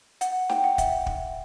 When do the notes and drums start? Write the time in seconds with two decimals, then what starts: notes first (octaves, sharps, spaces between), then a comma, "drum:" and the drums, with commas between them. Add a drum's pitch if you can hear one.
0.21 F#5, drum: hi-hat
0.50 G5, drum: snare
0.64 F#5
0.78 E5, drum: kick, hi-hat
1.06 drum: kick